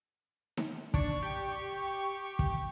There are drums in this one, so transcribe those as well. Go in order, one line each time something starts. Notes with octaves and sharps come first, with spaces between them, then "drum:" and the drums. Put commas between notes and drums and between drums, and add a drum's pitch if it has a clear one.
drum: snare D#4
D4 C#6, drum: kick
G4
drum: kick